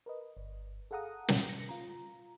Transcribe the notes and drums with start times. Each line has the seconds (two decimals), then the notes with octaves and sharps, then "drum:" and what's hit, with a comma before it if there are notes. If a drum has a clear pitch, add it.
0.06 A#4 B4 D#5
0.37 G1
0.91 G#4 A4 F5 F#5 A#5 D#6
1.28 drum: snare
1.49 A#6 C#7
1.69 F4 A#5